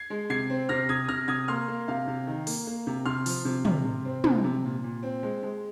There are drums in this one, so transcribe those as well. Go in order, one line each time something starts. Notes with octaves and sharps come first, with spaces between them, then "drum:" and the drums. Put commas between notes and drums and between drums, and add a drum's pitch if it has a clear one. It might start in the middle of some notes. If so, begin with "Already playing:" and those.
Already playing: G#6 C7
G#3
C3 G#6 C7
C4
C3 F6 A#6
C3 D#6 G#6
C3 F6 A#6
C3 D#6 G#6
A#3 C6 F6
A#3
C3 F5
C3
D#3
A#3, drum: open hi-hat
A#3
C3
C3 C6 F6
F3, drum: open hi-hat
C3
C3, drum: tom
C3
C4
C3, drum: tom
C3
A#2
A#2
C4
G#3
G#3